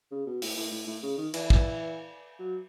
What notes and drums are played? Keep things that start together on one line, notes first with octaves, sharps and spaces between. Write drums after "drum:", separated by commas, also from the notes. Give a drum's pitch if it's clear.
C#3
B2
A2, drum: open hi-hat
A2
A2
A2
C#3
D#3
E3, drum: cymbal
drum: kick
F#3